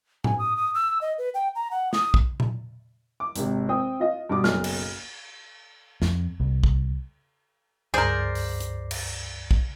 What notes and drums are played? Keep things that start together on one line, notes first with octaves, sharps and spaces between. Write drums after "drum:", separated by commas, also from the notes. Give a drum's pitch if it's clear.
G#5, drum: tom A2
D#6
D#6
E6
D#5
B4
G5
A#5
F#5
D#6, drum: snare
drum: kick
drum: tom A#2
D6
G#1 C3, drum: hi-hat
C4 G5 D#6
F4 D#5
G2 B2 D6
F#1 B1 F6, drum: snare
drum: cymbal
F2, drum: snare
C2
drum: kick
C#2 G2 G#4 A#4 C5 D5
drum: open hi-hat
drum: hi-hat
drum: cymbal
drum: kick